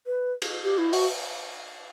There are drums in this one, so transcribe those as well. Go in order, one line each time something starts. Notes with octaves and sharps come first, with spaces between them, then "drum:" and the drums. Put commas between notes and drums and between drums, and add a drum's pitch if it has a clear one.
B4
drum: cymbal
G4
E4
F#4, drum: open hi-hat